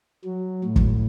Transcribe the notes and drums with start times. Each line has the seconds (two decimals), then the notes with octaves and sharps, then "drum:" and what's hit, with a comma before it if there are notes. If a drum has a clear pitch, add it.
0.25 F#3
0.65 A2
0.76 drum: kick